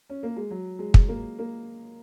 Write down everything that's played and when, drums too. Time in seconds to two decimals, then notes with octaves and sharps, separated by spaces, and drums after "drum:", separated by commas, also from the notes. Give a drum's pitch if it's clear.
0.10 C#4
0.23 A#3
0.36 G#3
0.51 F#3
0.79 G#3
0.94 drum: kick
1.08 A#3
1.39 A#3